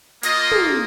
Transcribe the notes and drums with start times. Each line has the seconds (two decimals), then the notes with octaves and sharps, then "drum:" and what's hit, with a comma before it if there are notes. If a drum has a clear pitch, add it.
0.23 A#3 F4 D#5, drum: hi-hat
0.51 drum: tom